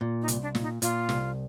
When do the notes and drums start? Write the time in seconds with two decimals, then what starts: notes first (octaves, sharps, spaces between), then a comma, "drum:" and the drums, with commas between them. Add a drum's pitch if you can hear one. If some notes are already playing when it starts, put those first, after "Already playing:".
0.01 A#2
0.22 D#4
0.28 C2, drum: hi-hat
0.42 D4
0.55 A#2, drum: snare
0.62 D#4
0.82 A#2 F4, drum: hi-hat
1.09 C2, drum: snare